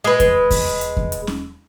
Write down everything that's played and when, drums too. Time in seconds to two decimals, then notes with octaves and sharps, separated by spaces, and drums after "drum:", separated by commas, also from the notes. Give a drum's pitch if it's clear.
0.04 G#3 B4
0.20 drum: kick E2, hi-hat
0.51 drum: kick E2, open hi-hat
0.81 drum: hi-hat
0.97 drum: kick E2
1.12 drum: hi-hat
1.27 drum: snare C#4